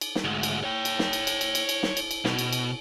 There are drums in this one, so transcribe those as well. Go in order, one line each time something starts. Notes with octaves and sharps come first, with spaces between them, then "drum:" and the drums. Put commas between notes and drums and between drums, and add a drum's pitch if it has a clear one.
drum: cymbal
drum: snare
D2 G#2
drum: cymbal
C#5 G5
drum: cymbal
drum: snare
drum: cymbal
drum: cymbal
drum: cymbal
drum: cymbal
drum: cymbal
drum: snare
drum: cymbal
drum: cymbal
B2, drum: snare
drum: cymbal
drum: cymbal